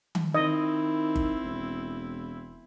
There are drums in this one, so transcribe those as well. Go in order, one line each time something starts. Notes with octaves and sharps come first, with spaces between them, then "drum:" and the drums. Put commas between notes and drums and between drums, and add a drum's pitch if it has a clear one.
drum: tom D#3
D#3 C4 E4 D#5
drum: kick G1
E1